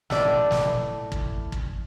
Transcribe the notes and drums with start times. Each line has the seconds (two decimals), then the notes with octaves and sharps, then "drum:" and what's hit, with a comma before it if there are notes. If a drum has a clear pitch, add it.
0.10 A2 D5, drum: snare
0.51 drum: snare
1.12 drum: kick
1.52 drum: kick